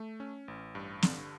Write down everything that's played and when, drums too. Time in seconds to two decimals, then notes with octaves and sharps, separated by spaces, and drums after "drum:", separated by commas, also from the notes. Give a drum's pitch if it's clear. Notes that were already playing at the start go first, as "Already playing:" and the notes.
Already playing: A3
0.20 C#4
0.48 A1
0.75 G2
1.02 D3, drum: snare